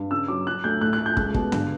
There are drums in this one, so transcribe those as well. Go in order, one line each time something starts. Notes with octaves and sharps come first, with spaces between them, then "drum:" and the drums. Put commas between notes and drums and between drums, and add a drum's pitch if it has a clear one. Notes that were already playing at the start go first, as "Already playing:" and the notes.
Already playing: G2
C#3 E6
F#3 D6
F#3 F#6
D2 G6
A2 F#6
F#6
A3
G6
C#2 F#6, drum: kick
B2, drum: kick
G2, drum: tom